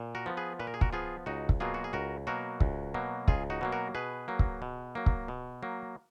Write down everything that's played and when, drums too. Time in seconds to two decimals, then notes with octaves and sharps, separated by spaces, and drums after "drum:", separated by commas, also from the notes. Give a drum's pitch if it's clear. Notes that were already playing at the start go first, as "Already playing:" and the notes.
Already playing: A#2
0.15 F#4 A#4
0.26 F3 B3
0.37 G#4 B4
0.60 A#2 B4
0.67 A#4
0.74 G#4
0.81 F#4 A#4, drum: kick
0.93 F3 B3 F4 G#4
1.26 C#2 D#4 F#4
1.49 drum: kick
1.60 B2 F#3 A#3 F4 G#4
1.74 F#4
1.84 G#4
1.93 C#2 F#4 A#4
2.27 B2 F#3 A#3 F#4 A#4
2.60 C#2, drum: kick
2.94 B2 F#3 A#3
3.28 C#2 F4 G#4, drum: kick
3.50 D#4 F#4
3.61 B2 F#3 A#3
3.72 F#4 A#4
3.95 B2 G#4 B4
4.28 F#3 A#3
4.39 drum: kick
4.62 B2
4.95 F#3 A#3
5.06 drum: kick
5.28 B2
5.63 F#3 A#3